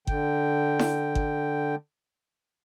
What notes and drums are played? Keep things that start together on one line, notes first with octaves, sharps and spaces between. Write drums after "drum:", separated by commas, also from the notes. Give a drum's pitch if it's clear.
D3 G5, drum: kick G1
drum: snare E4
drum: kick G1